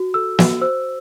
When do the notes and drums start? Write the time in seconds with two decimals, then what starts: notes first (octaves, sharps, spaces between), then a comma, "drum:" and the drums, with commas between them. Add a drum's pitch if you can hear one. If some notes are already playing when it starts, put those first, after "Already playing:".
Already playing: F#4
0.14 A4 E6
0.39 F#4, drum: snare
0.61 C5 E6